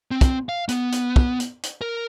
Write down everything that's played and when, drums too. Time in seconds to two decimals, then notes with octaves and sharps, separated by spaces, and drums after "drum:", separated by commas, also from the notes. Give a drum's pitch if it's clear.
0.11 C4
0.21 drum: kick, hi-hat
0.49 F5
0.69 B3, drum: hi-hat
0.92 drum: hi-hat
1.16 drum: kick
1.40 drum: hi-hat
1.63 drum: hi-hat
1.81 A#4